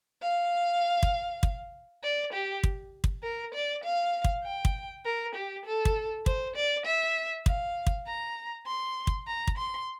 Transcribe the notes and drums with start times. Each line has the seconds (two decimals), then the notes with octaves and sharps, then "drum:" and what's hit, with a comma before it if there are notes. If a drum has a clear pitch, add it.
0.22 F5
1.03 drum: kick
1.43 drum: kick
2.03 D5
2.33 G4
2.63 drum: kick
3.04 drum: kick
3.23 A#4
3.54 D5
3.84 F5
4.24 drum: kick
4.44 G5
4.65 drum: kick
5.05 A#4
5.35 G4
5.66 A4
5.85 drum: kick
6.26 C5, drum: kick
6.56 D5
6.86 E5
7.46 F5, drum: kick
7.87 drum: kick
8.07 A#5
8.67 C6
9.07 drum: kick
9.27 A#5
9.47 drum: kick
9.58 C6